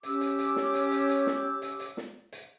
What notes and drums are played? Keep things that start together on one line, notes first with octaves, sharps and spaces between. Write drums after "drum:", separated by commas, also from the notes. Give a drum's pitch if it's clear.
C#4 G4 D6 E6, drum: hi-hat
drum: hi-hat
drum: hi-hat
drum: snare
drum: hi-hat
drum: hi-hat
drum: hi-hat
drum: snare
drum: hi-hat
drum: hi-hat
drum: snare
drum: hi-hat